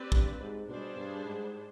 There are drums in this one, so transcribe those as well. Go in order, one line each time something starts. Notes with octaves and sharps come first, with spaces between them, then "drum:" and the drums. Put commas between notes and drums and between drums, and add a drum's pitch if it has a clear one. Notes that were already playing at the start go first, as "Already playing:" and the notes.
Already playing: C4 G4 B4 D5
G2, drum: kick
G#2
B2 G3 D4 G#4 C5
G2
G#2